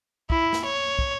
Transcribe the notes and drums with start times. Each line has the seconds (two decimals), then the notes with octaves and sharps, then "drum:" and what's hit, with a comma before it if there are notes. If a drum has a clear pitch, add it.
0.30 E4, drum: kick
0.53 drum: snare
0.65 C#5
0.99 drum: kick